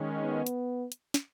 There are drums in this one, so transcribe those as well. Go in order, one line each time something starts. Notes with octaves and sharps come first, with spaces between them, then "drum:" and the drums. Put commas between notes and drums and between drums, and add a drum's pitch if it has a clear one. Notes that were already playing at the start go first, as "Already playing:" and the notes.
Already playing: D#3 G#3 C#4
B3
drum: hi-hat
drum: hi-hat
drum: snare